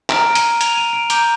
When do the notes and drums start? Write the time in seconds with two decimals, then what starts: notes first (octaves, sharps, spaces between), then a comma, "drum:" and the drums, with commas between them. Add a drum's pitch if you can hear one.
0.10 A#5 F6 D7, drum: clap
0.26 D7
0.35 D#7, drum: hi-hat
0.61 F7, drum: hi-hat
0.77 D#7
0.93 D7
1.10 A#5 D6 G6 D7, drum: hi-hat